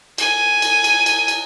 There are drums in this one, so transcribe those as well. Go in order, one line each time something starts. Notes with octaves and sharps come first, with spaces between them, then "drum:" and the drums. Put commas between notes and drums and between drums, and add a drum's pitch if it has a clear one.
G#5, drum: cymbal
drum: cymbal
drum: cymbal
drum: cymbal
drum: cymbal